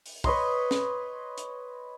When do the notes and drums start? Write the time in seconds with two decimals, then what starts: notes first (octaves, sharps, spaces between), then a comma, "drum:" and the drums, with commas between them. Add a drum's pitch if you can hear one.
0.06 drum: open hi-hat
0.24 B4 C#5 D#5 C6, drum: kick
0.71 drum: snare
1.38 drum: hi-hat